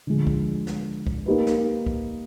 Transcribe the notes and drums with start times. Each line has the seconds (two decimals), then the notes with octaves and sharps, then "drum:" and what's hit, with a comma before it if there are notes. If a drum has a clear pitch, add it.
0.07 D3 F3 G#3
0.27 drum: kick B1
0.67 drum: snare
1.07 drum: kick B1
1.26 A#3 D#4 G4 B4
1.46 drum: snare
1.86 drum: kick B1